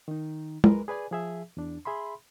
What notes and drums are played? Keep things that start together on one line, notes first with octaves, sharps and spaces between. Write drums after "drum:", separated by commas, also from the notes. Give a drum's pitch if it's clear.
D#3 D#4
G#3 A#4 B4, drum: tom
G#4 B4 D5 G#5
F3 G#4 E5
E2 D4
G#4 E5 B5 C6